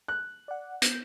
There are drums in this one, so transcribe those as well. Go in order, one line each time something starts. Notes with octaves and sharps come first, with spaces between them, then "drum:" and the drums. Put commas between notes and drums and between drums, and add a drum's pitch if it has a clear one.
F#6
D5 F#5
B3 G6, drum: hi-hat